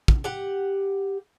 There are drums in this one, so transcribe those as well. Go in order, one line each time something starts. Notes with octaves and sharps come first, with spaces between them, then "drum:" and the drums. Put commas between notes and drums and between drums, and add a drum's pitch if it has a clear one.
drum: kick
G4 F#5